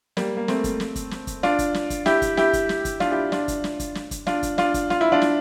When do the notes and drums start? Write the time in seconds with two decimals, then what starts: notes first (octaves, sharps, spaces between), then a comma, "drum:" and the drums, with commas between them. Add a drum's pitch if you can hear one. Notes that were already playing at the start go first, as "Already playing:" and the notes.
0.17 G3 A#3, drum: snare
0.37 A#3
0.48 A3 C4, drum: snare
0.64 drum: kick, hi-hat
0.80 drum: snare
0.96 drum: kick, hi-hat
1.11 drum: snare
1.27 drum: kick, hi-hat
1.43 D4 F4, drum: snare
1.59 drum: kick, hi-hat
1.74 drum: snare
1.90 drum: kick, hi-hat
2.06 E4 G4, drum: snare
2.22 drum: kick, hi-hat
2.37 E4 G4, drum: snare
2.53 drum: kick, hi-hat
2.69 drum: snare
2.85 drum: kick, hi-hat
3.00 D4 F4, drum: snare
3.11 E4 G4
3.32 D4 F4, drum: snare
3.48 drum: kick, hi-hat
3.64 drum: snare
3.80 drum: kick, hi-hat
3.95 drum: snare
4.11 drum: kick, hi-hat
4.27 D4 F4, drum: snare
4.43 drum: kick, hi-hat
4.58 D4 F4, drum: snare
4.74 drum: kick, hi-hat
4.90 F4, drum: snare
5.01 E4
5.12 D4 F4
5.22 drum: snare